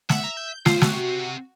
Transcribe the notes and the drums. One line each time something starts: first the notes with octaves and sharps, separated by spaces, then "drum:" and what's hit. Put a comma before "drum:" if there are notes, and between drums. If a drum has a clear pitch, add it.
E5 F#5, drum: snare
A#5
G6
C#2 F4 C5, drum: snare
C3 F#4, drum: snare